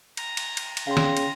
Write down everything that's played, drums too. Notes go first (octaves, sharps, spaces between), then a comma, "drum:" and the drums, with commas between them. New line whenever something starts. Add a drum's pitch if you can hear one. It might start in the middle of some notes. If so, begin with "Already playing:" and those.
A#5, drum: cymbal
drum: cymbal
drum: cymbal
drum: cymbal
C#3 F5 G5 C6
drum: snare
drum: cymbal